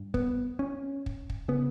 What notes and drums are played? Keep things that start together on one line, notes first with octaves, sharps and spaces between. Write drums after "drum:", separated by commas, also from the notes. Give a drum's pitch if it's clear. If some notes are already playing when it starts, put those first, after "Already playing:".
Already playing: G2
B3, drum: kick
C#4
drum: kick
drum: kick
C#3 B3